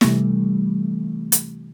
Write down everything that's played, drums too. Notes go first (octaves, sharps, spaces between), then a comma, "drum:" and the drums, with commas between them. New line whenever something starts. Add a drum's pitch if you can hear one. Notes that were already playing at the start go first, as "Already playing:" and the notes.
C3 E3 G3 A3, drum: snare
drum: hi-hat